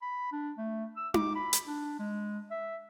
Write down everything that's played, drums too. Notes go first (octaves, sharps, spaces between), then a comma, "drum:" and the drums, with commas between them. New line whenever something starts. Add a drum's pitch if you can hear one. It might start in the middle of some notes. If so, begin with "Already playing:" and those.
B5
D4
A3
E6
D6, drum: tom D#4
B5
drum: hi-hat
D4
G#3
E5